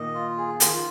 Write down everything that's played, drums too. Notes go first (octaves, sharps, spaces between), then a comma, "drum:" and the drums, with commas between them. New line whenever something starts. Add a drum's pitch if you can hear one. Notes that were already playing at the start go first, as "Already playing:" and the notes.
Already playing: A#2 D#3 D#5
F4
G#4
D#3 F4, drum: hi-hat
F3